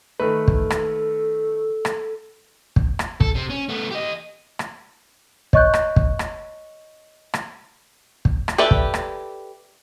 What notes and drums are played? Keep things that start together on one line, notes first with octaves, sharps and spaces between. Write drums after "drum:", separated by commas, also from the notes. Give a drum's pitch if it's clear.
D#3 A3 A4 B4
drum: kick
drum: rim click
drum: rim click
drum: kick
drum: rim click
A4, drum: kick
C3 C4
C#4
A3 B3
G4 D#5
drum: rim click
C#5 D#5 C#6 F#6 G6, drum: kick
drum: rim click
drum: kick
drum: rim click
drum: rim click
drum: kick
drum: rim click
G4 A4 B4 D5 E5
drum: kick
drum: rim click